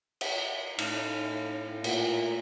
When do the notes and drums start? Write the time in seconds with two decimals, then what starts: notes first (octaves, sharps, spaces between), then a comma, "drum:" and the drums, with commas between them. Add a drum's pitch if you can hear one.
0.21 drum: cymbal
0.78 A2 D#4, drum: cymbal
1.84 A#2, drum: cymbal